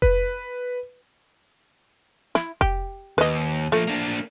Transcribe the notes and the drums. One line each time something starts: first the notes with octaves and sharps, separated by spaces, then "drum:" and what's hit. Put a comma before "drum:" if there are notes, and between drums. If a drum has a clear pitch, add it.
B4, drum: kick F1
E4, drum: snare
G4, drum: kick F1
D#2 B4 D#5
F3 A3 A#3
A#3 D4, drum: hi-hat